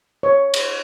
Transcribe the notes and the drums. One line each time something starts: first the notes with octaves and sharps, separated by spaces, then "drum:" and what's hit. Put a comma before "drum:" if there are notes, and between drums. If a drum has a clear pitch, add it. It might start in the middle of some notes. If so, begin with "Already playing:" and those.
C#5
drum: cymbal